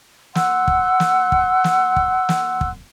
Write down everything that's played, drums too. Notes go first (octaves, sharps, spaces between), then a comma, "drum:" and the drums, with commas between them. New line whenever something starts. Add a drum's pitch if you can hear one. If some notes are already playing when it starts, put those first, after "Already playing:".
F#5 C6 E6 F#6, drum: snare
drum: kick
drum: snare
drum: kick
drum: snare
drum: kick
drum: snare
drum: kick